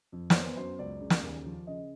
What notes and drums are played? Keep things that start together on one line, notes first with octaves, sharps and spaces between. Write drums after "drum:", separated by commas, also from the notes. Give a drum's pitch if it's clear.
F2
C#5, drum: snare
B3 C5
B4
F#2 C5
C#2 D5
C#3
drum: snare
D#2
F3
C#3 D#5